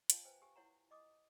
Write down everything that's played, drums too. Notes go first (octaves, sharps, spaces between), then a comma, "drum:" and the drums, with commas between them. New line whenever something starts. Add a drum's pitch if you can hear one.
F4 C#5 F5 G5 A5, drum: hi-hat
B4 C5 G5 G#5
G4 G#5
E4 C#5 F#5 A#5
D#5 D6 D#6